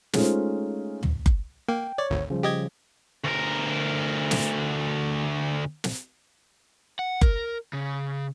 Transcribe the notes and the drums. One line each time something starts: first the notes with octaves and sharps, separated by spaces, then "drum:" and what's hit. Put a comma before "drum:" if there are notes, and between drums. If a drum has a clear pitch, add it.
G#3 A3 C#4 D#4 F4 C5, drum: snare
drum: tom
drum: kick F#1
A#3 G5
C#5 D5
G#1 D2
C#3 F3 G3
G4 D#5 G#6
D2 A#4
drum: snare
drum: snare
F#5
A#4, drum: kick F#1
C#3